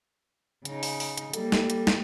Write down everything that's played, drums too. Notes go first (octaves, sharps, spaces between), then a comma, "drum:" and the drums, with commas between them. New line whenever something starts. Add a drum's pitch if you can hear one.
C#3 D#4, drum: hi-hat
drum: open hi-hat
drum: open hi-hat
drum: hi-hat
G3 A#3 A4, drum: hi-hat
drum: snare
drum: hi-hat
drum: snare